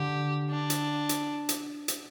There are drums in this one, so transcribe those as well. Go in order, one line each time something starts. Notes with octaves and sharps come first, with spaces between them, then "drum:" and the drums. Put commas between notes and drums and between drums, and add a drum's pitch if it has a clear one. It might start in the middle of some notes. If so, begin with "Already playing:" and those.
Already playing: D3 G4
D4
drum: hi-hat
drum: hi-hat
drum: hi-hat
drum: hi-hat